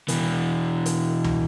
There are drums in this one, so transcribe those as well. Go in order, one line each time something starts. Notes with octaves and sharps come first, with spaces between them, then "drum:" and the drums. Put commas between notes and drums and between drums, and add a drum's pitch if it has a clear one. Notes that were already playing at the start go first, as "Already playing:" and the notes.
B2 E3, drum: hi-hat
drum: hi-hat
drum: tom C#2